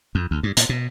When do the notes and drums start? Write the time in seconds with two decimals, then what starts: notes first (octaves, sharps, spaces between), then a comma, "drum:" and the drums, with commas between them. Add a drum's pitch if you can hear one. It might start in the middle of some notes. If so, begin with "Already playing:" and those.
0.15 F2
0.31 D2
0.43 G2
0.57 A#2, drum: hi-hat
0.69 B2